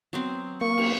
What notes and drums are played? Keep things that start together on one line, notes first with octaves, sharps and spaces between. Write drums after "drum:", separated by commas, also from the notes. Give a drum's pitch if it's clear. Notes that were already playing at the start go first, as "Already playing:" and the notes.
F#3 B3 C4
A#3 C#6
drum: cymbal